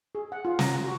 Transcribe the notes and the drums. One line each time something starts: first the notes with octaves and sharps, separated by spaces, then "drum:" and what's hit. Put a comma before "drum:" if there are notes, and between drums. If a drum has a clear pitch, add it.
G#4
F#5
F4
A#5, drum: snare
F#4